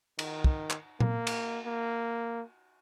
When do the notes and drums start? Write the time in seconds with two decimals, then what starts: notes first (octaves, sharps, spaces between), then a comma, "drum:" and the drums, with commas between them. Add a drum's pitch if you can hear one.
0.19 D#3, drum: cymbal
0.44 drum: kick
0.70 drum: clap
1.00 A#3, drum: tom A#2
1.27 drum: cymbal
1.65 A#3